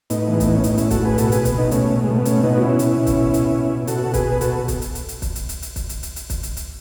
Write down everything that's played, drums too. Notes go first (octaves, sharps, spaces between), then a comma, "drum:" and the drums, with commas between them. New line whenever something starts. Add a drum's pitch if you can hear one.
A2 B3 D#4, drum: hi-hat
E3 G#3
A3, drum: kick, hi-hat
A2 B3
C#4
A2 B3 D#4, drum: hi-hat
A2 C#4 E4, drum: hi-hat
F#4 A4, drum: kick, hi-hat
A2 G#4 B4
B2 F#4 A4, drum: hi-hat
B2 G#4 B4, drum: hi-hat
drum: kick, hi-hat
B2 B3 D#4
B2 A3 C#4, drum: hi-hat
B2
G#3
B2 A3
B3
B2 A3 C#4, drum: hi-hat
B2 B3 D#4
F#4
B2 C#4 E4
B2, drum: hi-hat
B2
drum: kick, hi-hat
B2
B2, drum: hi-hat
B2
B2
B2 F#4 A4, drum: hi-hat
B2
G#4 B4, drum: kick, hi-hat
B2
B4
B2 F#4 A4, drum: hi-hat
B2
drum: kick, hi-hat
drum: hi-hat
drum: hi-hat
drum: hi-hat
drum: kick, hi-hat
drum: hi-hat
drum: hi-hat
drum: hi-hat
drum: kick, hi-hat
drum: hi-hat
drum: hi-hat
drum: hi-hat
drum: kick, hi-hat
drum: hi-hat
drum: hi-hat